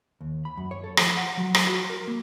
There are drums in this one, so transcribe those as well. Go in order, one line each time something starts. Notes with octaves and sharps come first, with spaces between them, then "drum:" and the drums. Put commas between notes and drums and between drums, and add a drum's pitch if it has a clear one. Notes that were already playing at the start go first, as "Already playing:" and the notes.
D#2
B5
F#2
C#5
A4
F3, drum: rim click
F#5
F#3
drum: rim click
F#4
A#4
A#3